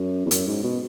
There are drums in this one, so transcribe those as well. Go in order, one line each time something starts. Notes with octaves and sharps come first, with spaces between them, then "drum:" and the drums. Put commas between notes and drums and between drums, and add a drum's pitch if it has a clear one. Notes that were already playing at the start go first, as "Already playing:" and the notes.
Already playing: F#2
E2
F#2, drum: hi-hat
G#2
B2